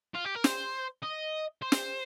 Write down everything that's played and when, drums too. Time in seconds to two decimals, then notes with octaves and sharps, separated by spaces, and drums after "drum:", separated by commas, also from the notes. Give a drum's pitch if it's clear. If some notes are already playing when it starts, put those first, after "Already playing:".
0.14 F4
0.24 G4
0.35 A#4
0.44 C5, drum: snare
1.03 D#5
1.62 C5
1.72 drum: snare